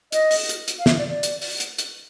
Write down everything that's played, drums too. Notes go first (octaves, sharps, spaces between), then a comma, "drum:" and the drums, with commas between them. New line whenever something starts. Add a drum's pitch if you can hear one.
D#5, drum: hi-hat
drum: open hi-hat
drum: hi-hat
drum: hi-hat
F5
E5, drum: snare
D5
D5
drum: hi-hat
drum: open hi-hat
drum: hi-hat
drum: hi-hat